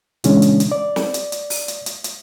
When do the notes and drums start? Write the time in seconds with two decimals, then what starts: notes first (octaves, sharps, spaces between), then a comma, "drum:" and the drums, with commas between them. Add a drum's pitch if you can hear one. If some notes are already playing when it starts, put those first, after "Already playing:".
0.24 A#2 C#3 E3 G#3 C#4 D4, drum: hi-hat
0.42 drum: hi-hat
0.60 drum: hi-hat
0.72 D5
0.96 drum: snare
1.14 drum: hi-hat
1.32 drum: hi-hat
1.50 drum: open hi-hat
1.68 drum: hi-hat
1.86 drum: hi-hat
2.04 drum: hi-hat